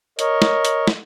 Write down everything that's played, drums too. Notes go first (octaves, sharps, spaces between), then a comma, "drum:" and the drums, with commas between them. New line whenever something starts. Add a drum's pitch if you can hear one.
A#4 C#5 D#5, drum: hi-hat
drum: snare
drum: hi-hat
drum: snare